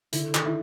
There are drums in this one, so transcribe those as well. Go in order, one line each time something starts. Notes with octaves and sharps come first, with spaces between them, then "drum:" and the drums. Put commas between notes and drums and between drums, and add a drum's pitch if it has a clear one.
D3 E4, drum: hi-hat
D#3, drum: clap
E4